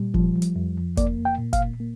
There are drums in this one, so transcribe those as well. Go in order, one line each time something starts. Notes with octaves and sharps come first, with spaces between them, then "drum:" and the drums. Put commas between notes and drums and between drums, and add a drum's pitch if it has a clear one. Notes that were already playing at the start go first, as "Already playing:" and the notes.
Already playing: A#2 G3
F3, drum: kick
drum: hi-hat
F2
A#3 D5, drum: kick, hi-hat
G5
A#2
F5, drum: kick, hi-hat
A#3